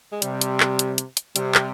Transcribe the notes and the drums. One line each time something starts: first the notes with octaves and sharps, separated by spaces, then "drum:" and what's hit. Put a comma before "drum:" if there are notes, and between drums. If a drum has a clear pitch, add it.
G#3
C3 G3, drum: hi-hat
drum: hi-hat
drum: clap
drum: hi-hat
drum: hi-hat
drum: hi-hat
C3 G3, drum: hi-hat
drum: clap